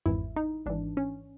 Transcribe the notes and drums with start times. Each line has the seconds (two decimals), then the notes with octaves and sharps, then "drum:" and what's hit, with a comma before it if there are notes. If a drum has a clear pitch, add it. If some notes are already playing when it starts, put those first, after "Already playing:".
0.06 G#1 G#2 E3 E4, drum: tom E2
0.36 D#4
0.66 G#1 G#2 E3 D4
0.97 C#4